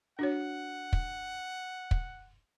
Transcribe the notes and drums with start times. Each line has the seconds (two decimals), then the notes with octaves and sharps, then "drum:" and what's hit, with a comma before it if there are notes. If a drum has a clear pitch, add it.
0.19 D4 F#4 C#5 F#5
0.93 drum: kick
1.91 drum: kick